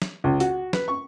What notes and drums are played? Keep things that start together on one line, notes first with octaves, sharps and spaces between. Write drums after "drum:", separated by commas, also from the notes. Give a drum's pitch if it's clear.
drum: snare
C#2
F#4, drum: hi-hat
B4, drum: snare
C#6